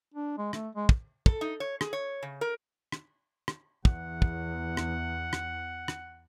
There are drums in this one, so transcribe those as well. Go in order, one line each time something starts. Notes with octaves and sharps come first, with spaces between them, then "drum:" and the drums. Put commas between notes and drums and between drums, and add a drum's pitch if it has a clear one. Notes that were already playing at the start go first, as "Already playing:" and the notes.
D4
G#3
A3, drum: rim click
G#3
drum: kick
A4, drum: kick
D#4
C#5
G#4, drum: rim click
C#5
C#3
A#4
drum: rim click
drum: rim click
E2 F#5, drum: kick
drum: kick
drum: rim click
drum: rim click
drum: rim click